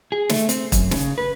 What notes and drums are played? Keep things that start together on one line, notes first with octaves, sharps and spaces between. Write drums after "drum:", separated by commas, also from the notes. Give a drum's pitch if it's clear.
G#4
A3, drum: snare
C4, drum: hi-hat
F#2, drum: kick, hi-hat
C#3, drum: snare
B4